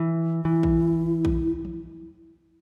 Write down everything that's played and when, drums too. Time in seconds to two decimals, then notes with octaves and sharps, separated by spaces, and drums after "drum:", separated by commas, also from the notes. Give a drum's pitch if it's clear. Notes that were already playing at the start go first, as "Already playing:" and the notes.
Already playing: E3
0.45 E3 E4
0.63 drum: kick A#1
1.25 drum: kick A#1
1.65 drum: tom